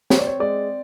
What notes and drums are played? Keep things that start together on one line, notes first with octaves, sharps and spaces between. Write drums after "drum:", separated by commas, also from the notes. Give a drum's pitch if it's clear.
C4 C#5, drum: snare
D5
C#5
G#3 D5